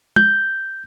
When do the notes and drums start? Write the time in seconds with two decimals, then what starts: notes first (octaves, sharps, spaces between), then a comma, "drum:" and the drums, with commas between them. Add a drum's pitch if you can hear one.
0.16 G6, drum: tom